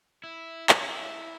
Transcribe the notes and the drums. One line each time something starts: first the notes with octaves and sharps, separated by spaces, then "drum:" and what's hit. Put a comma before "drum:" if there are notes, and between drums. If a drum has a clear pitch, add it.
E4
E4, drum: clap